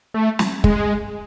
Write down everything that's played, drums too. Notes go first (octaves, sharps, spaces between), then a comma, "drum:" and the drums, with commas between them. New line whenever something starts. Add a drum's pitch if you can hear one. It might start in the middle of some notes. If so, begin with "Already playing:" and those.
A3
drum: snare
G#3, drum: kick